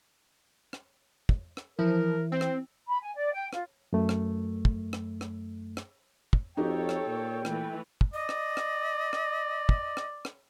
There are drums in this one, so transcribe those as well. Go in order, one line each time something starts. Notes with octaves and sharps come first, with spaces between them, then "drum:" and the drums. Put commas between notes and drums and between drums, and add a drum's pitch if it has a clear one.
drum: rim click
drum: kick
drum: rim click
E3 F3 E4 A#4
C4 C5
drum: rim click
B5
G#5
D5
G5
F4, drum: rim click
F#2 A3
drum: rim click
drum: kick
drum: rim click
drum: rim click
drum: rim click
drum: kick
F2 D#4 F#4 G4 A4 C#5 G5
drum: rim click
A#2
E3 A3 B4, drum: rim click
drum: kick
D5 D#5
drum: rim click
drum: rim click
drum: rim click
drum: kick
drum: rim click
drum: rim click